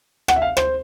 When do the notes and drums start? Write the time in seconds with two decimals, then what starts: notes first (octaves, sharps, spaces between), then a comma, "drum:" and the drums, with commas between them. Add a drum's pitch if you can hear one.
0.28 F#5, drum: rim click
0.36 E5
0.42 F5
0.57 C5, drum: rim click